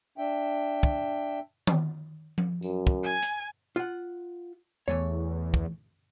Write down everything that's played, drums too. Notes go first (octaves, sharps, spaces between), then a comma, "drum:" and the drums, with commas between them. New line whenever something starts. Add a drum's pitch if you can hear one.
D4 E5 G5
drum: kick
drum: tom D#3
drum: tom F3
F#2, drum: tambourine
drum: kick
G#5
drum: hi-hat
F4 F#5
E2 E3 A3 C#5
drum: kick